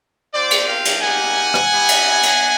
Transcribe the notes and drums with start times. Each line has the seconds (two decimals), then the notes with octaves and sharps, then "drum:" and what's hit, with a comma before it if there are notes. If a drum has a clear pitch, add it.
0.33 C4 F4 C5 D5
0.51 drum: cymbal
0.68 F5 G5
0.85 drum: cymbal
1.02 G3 A#3 D#4 G4 F#5 G#5
1.54 drum: rim click
1.71 B3 E4 G4
1.88 drum: cymbal
2.23 drum: cymbal